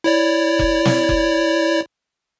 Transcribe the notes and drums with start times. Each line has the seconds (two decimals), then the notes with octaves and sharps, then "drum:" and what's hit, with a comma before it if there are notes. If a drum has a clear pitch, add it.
0.04 E4 C#5 D5
0.59 drum: kick F1
0.85 drum: snare
1.09 drum: kick F1